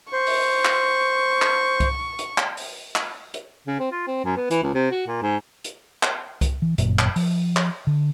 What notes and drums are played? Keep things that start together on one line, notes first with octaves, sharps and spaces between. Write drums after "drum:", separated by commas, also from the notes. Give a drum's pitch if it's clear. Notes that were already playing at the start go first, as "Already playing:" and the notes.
C5 C#6
drum: open hi-hat
drum: clap
drum: clap
drum: kick C2, hi-hat
drum: hi-hat
drum: clap
drum: open hi-hat
drum: clap
drum: hi-hat
C#3
C4
F4
C4
F#2
B3
E3, drum: hi-hat
C#2
C3
F#4
A#2
G#2
drum: hi-hat
drum: clap
drum: kick C2, hi-hat
E3
G1 F#2 A#2, drum: hi-hat
drum: clap
F3, drum: open hi-hat
drum: clap
D3